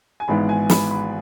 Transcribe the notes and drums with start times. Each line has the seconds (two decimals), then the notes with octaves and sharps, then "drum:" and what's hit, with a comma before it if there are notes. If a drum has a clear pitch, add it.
0.20 G#5
0.28 G#1 G#2 E3 G#3 B3 B5
0.49 G#5
0.70 B5, drum: snare
0.91 B5